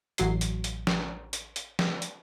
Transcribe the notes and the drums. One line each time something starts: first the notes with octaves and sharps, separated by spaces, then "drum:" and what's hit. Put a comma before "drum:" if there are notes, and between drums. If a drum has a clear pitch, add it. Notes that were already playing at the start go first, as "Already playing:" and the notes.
A1 F#3 C7, drum: hi-hat
drum: hi-hat
drum: hi-hat
drum: snare
drum: hi-hat
drum: hi-hat
drum: snare
drum: hi-hat